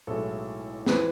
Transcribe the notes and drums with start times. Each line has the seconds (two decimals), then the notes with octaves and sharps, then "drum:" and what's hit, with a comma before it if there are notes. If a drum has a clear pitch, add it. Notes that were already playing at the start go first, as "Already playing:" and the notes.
0.07 B1 A2 G#3 A4
0.86 F2 E3 G#3 B4, drum: snare